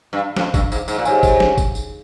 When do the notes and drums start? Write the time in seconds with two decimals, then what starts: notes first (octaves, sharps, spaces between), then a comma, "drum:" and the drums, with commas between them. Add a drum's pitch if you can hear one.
0.13 G2
0.36 F2, drum: snare F#3
0.54 G2, drum: kick, tambourine
0.72 G#2, drum: tambourine
0.88 G#2, drum: tambourine
0.98 A#2
1.05 G#2 G4 C#5 G#5, drum: tambourine
1.23 drum: kick, tambourine
1.40 drum: snare F#3
1.58 drum: kick, tambourine
1.75 drum: tambourine